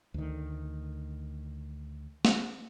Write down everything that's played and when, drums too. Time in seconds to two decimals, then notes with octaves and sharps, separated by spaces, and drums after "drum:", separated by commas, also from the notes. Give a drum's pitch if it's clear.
0.14 D2 D#3
2.25 drum: snare A#3